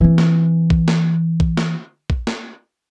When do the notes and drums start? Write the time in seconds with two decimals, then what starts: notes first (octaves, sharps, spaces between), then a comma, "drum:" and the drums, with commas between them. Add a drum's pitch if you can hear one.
0.01 E3 C4
0.18 drum: snare
0.70 drum: kick A#1
0.88 drum: snare
1.40 drum: kick A#1
1.57 drum: snare
2.10 drum: kick A#1
2.27 drum: snare